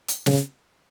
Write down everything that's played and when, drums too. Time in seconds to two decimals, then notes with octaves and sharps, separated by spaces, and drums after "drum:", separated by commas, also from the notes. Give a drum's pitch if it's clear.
0.08 drum: hi-hat
0.26 C#3, drum: snare